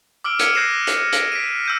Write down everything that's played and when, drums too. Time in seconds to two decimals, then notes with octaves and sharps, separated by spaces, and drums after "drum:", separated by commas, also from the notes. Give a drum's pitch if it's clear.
0.24 D6 E6 F6 D7
0.39 F6 G#6 C#7 D#7, drum: hi-hat
0.55 D6 F#6 G#6 A#6 C7 E7
0.87 drum: hi-hat
1.13 D7, drum: hi-hat
1.32 B6 D7 D#7
1.66 E6 G6 D#7